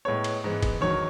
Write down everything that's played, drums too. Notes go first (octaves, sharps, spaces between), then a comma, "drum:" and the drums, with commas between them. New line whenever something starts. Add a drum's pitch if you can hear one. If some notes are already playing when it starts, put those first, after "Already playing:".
A2 G#3 B3 C#5
drum: cymbal
G#2 E3 G#3 B3
drum: kick, cymbal
E2 D#3 F#3 C#5